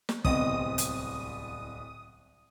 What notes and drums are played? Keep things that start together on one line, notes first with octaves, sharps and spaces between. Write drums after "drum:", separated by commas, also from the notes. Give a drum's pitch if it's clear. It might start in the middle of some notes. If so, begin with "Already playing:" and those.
drum: snare
D1 C2 C3 B3 C4 D#5 D#6, drum: kick
drum: hi-hat